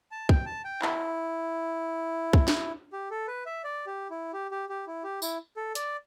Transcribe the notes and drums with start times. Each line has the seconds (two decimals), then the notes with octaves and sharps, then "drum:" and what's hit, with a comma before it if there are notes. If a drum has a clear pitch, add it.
0.11 A5
0.29 G5, drum: kick
0.46 A5
0.65 G5
0.82 E4, drum: clap
2.33 drum: kick
2.48 drum: snare
2.93 G4
3.11 A4
3.28 B4
3.46 E5
3.64 D5
3.86 G4
4.10 E4
4.33 G4
4.51 G4
4.69 G4
4.87 E4
5.04 G4
5.22 E4, drum: tambourine
5.57 A4
5.75 D5, drum: hi-hat